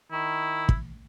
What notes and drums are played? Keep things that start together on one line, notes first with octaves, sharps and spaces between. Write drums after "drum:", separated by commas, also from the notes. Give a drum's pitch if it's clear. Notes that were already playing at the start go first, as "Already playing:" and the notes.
D#3 E4
drum: kick